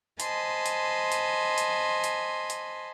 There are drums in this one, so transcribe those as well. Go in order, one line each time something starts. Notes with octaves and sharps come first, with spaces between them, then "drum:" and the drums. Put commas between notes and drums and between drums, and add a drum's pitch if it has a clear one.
C5 D#5 G#5 A5 B5 C6, drum: hi-hat
drum: hi-hat
drum: hi-hat
drum: hi-hat
drum: hi-hat
drum: hi-hat